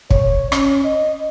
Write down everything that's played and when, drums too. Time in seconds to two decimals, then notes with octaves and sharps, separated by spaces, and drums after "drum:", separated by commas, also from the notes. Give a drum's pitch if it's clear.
0.10 C#5, drum: kick
0.52 C#4, drum: rim click
0.85 D#5